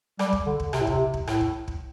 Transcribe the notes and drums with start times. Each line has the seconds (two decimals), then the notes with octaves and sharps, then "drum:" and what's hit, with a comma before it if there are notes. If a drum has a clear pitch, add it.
0.19 G3, drum: rim click
0.33 drum: kick
0.46 D3
0.60 drum: kick
0.73 C3, drum: rim click
0.80 A2
0.87 C3, drum: kick
1.14 drum: kick
1.27 A2, drum: rim click
1.41 drum: kick
1.68 drum: kick